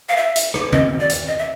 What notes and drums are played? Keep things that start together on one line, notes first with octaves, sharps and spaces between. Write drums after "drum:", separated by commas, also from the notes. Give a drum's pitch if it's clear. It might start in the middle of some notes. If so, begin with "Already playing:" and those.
F5
E5
drum: hi-hat
drum: rim click
D#5, drum: tom D#3
D5
drum: hi-hat
D#5
E5